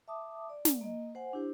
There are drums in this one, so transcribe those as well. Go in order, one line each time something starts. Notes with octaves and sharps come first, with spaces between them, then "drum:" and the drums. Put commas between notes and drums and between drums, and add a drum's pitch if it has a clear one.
E5 A5 D6 D#6
D5
drum: snare
A#3 D#5
C5 F#5 G#5
D4 E4 G4 C5